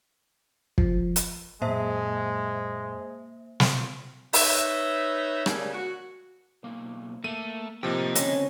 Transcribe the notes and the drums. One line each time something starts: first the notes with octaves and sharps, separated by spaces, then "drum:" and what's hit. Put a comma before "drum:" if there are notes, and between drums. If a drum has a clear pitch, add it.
F3, drum: kick
drum: hi-hat
F#2 A#2 G#3 A#3 C5 E5
drum: snare
D#4 B4 C#5 E5, drum: open hi-hat
C#3 G3 A#3 D4, drum: rim click
F#4
B1 A#3 F5
A3 A#3 D#7
A2 C3 F3 A#3 D#5 G5
C#2 D3 C4 C#4 A#6, drum: hi-hat